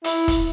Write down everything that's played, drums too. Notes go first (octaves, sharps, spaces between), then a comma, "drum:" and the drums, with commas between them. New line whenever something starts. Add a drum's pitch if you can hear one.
E4, drum: hi-hat
drum: kick, hi-hat